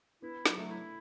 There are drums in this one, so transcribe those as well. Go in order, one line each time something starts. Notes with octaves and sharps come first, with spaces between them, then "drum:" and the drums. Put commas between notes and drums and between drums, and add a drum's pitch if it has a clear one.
B3 E4
F#3, drum: snare
A3
E4